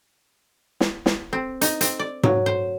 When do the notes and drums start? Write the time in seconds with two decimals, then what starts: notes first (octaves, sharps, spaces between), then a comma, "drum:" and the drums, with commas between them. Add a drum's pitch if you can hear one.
0.81 drum: snare
1.06 drum: snare
1.33 C4
1.61 D#4, drum: hi-hat
1.81 C4, drum: hi-hat
1.99 D5
2.23 F#3, drum: tom G#2
2.46 C5